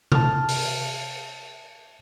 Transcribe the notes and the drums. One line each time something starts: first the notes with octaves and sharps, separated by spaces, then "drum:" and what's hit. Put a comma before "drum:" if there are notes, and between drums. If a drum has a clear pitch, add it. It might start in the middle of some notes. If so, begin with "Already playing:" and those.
A5 F6, drum: tom C3
drum: open hi-hat